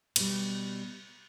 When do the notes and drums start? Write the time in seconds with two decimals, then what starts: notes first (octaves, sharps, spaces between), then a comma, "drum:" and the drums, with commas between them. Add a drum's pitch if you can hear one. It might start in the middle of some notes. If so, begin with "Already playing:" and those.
0.16 B2 G3, drum: cymbal